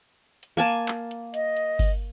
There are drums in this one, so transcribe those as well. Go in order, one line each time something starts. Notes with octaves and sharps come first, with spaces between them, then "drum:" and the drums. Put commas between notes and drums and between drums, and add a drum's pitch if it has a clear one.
drum: hi-hat
A#3 G#5 A5
drum: clap
drum: hi-hat
D#5, drum: hi-hat
drum: hi-hat
drum: kick G1, open hi-hat